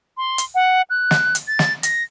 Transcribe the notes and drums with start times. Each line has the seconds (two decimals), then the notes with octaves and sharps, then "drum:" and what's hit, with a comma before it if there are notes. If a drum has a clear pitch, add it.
0.17 C6
0.38 drum: hi-hat
0.55 F#5
0.90 F#6
1.11 drum: snare
1.35 drum: hi-hat
1.48 A6
1.59 drum: snare
1.83 A#6, drum: hi-hat